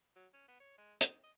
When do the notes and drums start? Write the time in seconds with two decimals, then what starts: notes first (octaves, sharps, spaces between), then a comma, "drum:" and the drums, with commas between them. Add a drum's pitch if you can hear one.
0.16 F#3
0.34 C#4
0.48 B3
0.60 C#5
0.78 G#3
1.01 D#4, drum: hi-hat
1.24 D#5